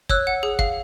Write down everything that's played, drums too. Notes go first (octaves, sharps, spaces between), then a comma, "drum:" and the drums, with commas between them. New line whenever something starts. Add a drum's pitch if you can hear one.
C#5 E6 F#6, drum: kick
F#5
G#4
F5, drum: kick